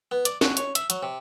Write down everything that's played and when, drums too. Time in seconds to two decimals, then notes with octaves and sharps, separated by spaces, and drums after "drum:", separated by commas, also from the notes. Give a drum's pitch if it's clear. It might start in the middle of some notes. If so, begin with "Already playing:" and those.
0.11 B3
0.25 D5, drum: hi-hat
0.41 F#4, drum: snare
0.57 C#5, drum: hi-hat
0.75 E5, drum: hi-hat
0.90 F#3, drum: hi-hat
1.03 C3